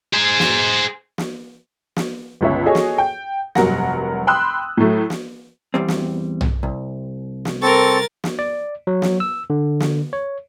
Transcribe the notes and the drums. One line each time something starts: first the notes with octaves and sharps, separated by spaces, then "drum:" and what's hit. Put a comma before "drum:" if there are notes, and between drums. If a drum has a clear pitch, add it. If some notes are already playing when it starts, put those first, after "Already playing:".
G#4 C5
drum: snare
drum: snare
drum: snare
G1 C#2 C#4 E5
F#4 G#4 A4 C#5 D#5 G#5
drum: snare
G5
F1 G2 F#3 A#4 F#5 A#6, drum: snare
G5 B5 C6 D#6 E6 F#6
A2 F#3 A3
drum: snare
E2 G3 C4
drum: snare
drum: tom B1
C2
drum: snare
C4 A4 A#4 C#6 A6
drum: snare
D5
F#3
drum: snare
E6
D3
drum: snare
C#5